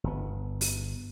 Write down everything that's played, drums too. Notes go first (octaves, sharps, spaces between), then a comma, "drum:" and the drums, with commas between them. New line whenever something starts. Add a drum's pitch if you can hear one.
G1 B3
drum: open hi-hat